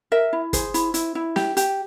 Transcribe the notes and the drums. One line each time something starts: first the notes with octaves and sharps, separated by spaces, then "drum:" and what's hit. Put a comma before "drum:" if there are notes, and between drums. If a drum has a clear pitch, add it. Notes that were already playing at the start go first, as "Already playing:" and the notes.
A#4 E5
E4
G#4 C5, drum: kick F#1, hi-hat
E4, drum: hi-hat
E4, drum: hi-hat
E4
G4, drum: snare
G4, drum: hi-hat